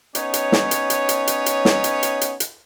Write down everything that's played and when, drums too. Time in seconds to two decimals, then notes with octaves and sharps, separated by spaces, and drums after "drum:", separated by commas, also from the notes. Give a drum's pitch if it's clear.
0.15 B3 C#4 D#4 C#5, drum: hi-hat
0.34 drum: hi-hat
0.52 drum: snare
0.71 drum: hi-hat
0.90 drum: hi-hat
1.09 drum: hi-hat
1.27 drum: hi-hat
1.46 drum: hi-hat
1.65 drum: snare
1.84 drum: hi-hat
2.03 drum: hi-hat
2.21 drum: hi-hat
2.40 drum: hi-hat